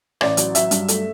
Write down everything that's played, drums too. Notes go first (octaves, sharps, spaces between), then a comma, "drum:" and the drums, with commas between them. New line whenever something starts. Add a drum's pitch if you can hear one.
A1 D5, drum: rim click
F#3, drum: hi-hat
F#3 E5, drum: hi-hat
G2, drum: hi-hat
A3, drum: hi-hat